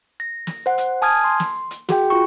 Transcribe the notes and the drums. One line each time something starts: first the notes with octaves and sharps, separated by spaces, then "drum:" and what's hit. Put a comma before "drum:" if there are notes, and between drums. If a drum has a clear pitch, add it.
A#6
drum: snare
C5 F#5
drum: hi-hat
G#5 A5 D#6 F6 G#6
C6
drum: snare
drum: hi-hat
F#4 G#4 G5, drum: snare
F4 C#6